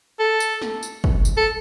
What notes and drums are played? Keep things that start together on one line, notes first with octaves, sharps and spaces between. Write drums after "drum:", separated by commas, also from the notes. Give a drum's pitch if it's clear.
A4
drum: tambourine
drum: snare
drum: tambourine
drum: kick
drum: tambourine
A4